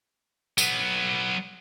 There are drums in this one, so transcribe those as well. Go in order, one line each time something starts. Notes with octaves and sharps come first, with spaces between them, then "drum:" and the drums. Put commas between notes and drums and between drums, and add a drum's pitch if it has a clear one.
F#3 B3, drum: tambourine